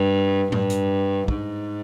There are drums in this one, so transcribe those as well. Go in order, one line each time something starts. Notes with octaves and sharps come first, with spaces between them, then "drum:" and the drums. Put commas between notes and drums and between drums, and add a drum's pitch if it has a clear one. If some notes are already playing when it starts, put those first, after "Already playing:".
Already playing: G2
G2, drum: tom A2
drum: hi-hat
G#2, drum: kick